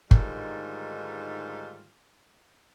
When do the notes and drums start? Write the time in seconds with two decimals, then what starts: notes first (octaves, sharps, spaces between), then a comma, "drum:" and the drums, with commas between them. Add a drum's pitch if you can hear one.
0.11 G#2 D3 D#3 G3 A3 F4, drum: kick G1